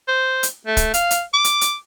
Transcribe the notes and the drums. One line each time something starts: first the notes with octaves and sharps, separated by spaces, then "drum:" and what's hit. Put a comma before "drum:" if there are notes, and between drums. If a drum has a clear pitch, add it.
C5
drum: hi-hat
A3
drum: kick, hi-hat
F5, drum: hi-hat
drum: hi-hat
D6
drum: hi-hat
drum: hi-hat